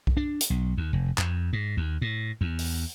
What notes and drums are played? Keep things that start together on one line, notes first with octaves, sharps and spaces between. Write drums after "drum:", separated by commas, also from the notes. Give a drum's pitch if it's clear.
drum: kick B1
D4
drum: hi-hat
B1
D#2
F1
F2, drum: clap
G#2
D#2
A2
E2
drum: open hi-hat